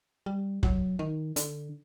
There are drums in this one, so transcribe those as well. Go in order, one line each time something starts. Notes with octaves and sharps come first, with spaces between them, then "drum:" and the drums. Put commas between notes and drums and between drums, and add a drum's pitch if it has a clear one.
G3
F#3, drum: kick
D#3
D3, drum: hi-hat